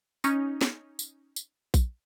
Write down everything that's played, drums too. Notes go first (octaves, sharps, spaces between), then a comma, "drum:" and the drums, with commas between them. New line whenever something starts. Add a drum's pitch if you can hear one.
C#4 D#4, drum: tambourine
drum: snare
drum: tambourine
drum: tambourine
drum: kick A#1, tambourine